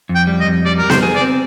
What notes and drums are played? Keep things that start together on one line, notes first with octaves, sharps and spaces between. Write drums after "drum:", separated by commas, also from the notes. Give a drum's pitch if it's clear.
F2
G5
G3
D#5
F2
G3 D5
G3 A#4
C5, drum: snare B3
G#4
D5
C4